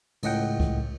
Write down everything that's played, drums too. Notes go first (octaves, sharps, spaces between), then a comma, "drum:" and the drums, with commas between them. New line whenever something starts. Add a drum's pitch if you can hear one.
C#2 A2 D#5 F#5 G5, drum: cymbal
drum: kick C2